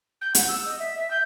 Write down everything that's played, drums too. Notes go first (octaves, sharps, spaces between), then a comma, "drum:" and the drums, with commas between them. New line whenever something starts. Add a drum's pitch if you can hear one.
G6
F#5, drum: hi-hat
E6
D#5
E5
E5
G6